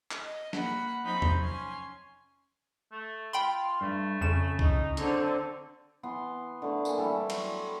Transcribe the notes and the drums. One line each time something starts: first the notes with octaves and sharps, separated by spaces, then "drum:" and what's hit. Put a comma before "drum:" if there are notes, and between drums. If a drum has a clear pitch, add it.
drum: clap
D#5
A#3 F#5 B5, drum: snare
F3 F#3 C4 D#4 B5 G6
drum: tom E2
C#4 G#5 C6
A3
F4 G5 B5 C6
G2 A3
F2 C#3 E7
D#4, drum: kick C2
D3 F#3 C4, drum: hi-hat
E3 B3 C6
D3 A3
A#3 G#5, drum: tambourine
E3 G3 A3 A4
F#3 C6, drum: cymbal